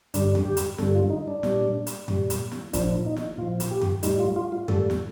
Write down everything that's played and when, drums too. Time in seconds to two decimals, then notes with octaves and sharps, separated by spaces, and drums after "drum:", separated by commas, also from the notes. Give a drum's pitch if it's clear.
0.14 G2 D3 G3 D4, drum: hi-hat
0.35 drum: tom F2
0.45 G4
0.57 drum: hi-hat
0.78 G2 D3 G3 A4, drum: snare
0.95 F4
1.10 D#4
1.28 D4
1.43 A#2 G3, drum: snare
1.87 drum: hi-hat
2.08 A#2 G3, drum: tom F2
2.30 drum: hi-hat
2.52 drum: snare
2.73 A#2 F3 D4, drum: kick, hi-hat
3.06 D#4
3.16 drum: snare
3.38 A#2 F3 F4
3.60 drum: hi-hat
3.71 G4
3.81 drum: tom F2
4.03 A2 G3 D#4, drum: hi-hat
4.19 F4
4.36 F4
4.52 F4
4.68 A2 G3 A4, drum: tom F2
4.90 drum: snare